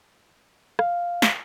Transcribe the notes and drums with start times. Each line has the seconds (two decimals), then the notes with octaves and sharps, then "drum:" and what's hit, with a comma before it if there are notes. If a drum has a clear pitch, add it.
0.79 F5, drum: rim click
1.22 drum: snare